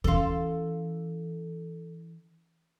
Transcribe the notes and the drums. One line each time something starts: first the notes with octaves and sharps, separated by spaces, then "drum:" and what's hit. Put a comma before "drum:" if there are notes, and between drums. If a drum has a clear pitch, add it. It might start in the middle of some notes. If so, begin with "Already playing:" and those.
E3 C#4 A4 F5 C6, drum: kick D#2